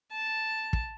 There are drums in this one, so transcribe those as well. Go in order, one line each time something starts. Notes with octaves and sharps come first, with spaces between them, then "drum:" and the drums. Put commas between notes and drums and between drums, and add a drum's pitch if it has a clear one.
A5
drum: kick